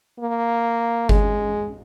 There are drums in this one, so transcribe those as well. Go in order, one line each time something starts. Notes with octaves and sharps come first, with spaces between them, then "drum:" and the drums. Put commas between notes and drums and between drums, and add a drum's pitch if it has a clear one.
A#3
G#3, drum: kick G1